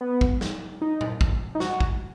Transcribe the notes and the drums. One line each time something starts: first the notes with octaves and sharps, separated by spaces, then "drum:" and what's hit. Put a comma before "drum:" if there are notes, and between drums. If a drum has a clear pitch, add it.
B3
drum: kick
drum: snare
D#4
drum: tom A#2
drum: kick
D#4
F#4, drum: snare
drum: kick